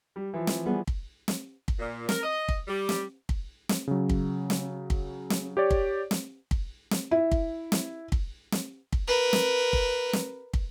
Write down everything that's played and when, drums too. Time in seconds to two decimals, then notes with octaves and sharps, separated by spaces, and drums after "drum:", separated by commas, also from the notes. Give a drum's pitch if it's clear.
0.16 G3
0.34 E3 F3
0.47 drum: snare
0.65 G3 B3 G#4
0.87 drum: kick
1.28 drum: snare
1.68 drum: kick
1.79 A#2
2.09 A#4, drum: snare
2.23 D#5
2.48 drum: kick
2.68 G3
2.89 drum: snare
3.29 drum: kick
3.69 drum: snare
3.87 C#3 F#3
4.09 drum: kick
4.50 drum: snare
4.90 drum: kick
5.30 drum: snare
5.57 G4 C#5 D5
5.71 drum: kick
6.11 drum: snare
6.51 drum: kick
6.91 drum: snare
7.11 E4
7.32 drum: kick
7.72 drum: snare
8.12 drum: kick
8.52 drum: snare
8.93 drum: kick
9.07 A#4 B4
9.33 drum: snare
9.73 drum: kick
10.13 drum: snare
10.54 drum: kick